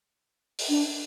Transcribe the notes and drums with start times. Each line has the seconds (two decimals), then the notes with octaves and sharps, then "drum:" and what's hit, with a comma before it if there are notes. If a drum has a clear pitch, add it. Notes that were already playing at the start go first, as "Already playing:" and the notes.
0.58 drum: open hi-hat
0.69 D4